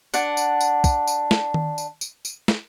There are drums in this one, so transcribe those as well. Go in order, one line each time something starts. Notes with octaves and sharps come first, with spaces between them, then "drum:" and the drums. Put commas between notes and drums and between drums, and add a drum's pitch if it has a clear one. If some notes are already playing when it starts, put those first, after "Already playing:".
D4 F#5, drum: tambourine
drum: tambourine
drum: tambourine
drum: kick, tambourine
drum: tambourine
drum: snare
drum: tom D#3
drum: tambourine
drum: tambourine
drum: tambourine
drum: snare